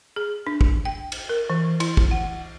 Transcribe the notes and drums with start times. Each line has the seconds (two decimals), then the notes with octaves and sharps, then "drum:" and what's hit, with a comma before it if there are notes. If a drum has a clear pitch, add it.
0.16 G#4
0.47 D4
0.61 drum: kick
0.85 G5
1.12 drum: cymbal
1.29 A#4
1.50 E3
1.80 E4, drum: cymbal
1.97 drum: kick
2.11 F#5